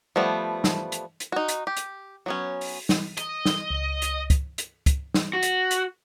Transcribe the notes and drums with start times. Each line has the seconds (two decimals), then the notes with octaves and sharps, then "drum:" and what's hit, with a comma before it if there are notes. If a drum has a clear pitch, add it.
0.16 F3 G3 A3 B3
0.64 drum: snare
0.92 drum: hi-hat
1.20 drum: hi-hat
1.32 D#4 F#4
1.48 drum: hi-hat
1.67 G4
1.77 drum: hi-hat
2.26 F#3 B3 C#4
2.61 drum: open hi-hat
2.89 drum: snare
3.17 D#5, drum: hi-hat
3.46 drum: snare
3.70 C#2
4.02 drum: hi-hat
4.30 drum: kick, hi-hat
4.58 drum: hi-hat
4.86 drum: kick, hi-hat
5.14 drum: snare
5.33 F#4
5.43 drum: hi-hat
5.71 drum: hi-hat